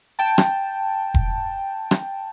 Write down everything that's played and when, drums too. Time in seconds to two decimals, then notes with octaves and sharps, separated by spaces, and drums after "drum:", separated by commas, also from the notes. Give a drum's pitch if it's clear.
0.19 G5 A5
0.38 drum: rim click
1.14 drum: kick E1
1.91 drum: rim click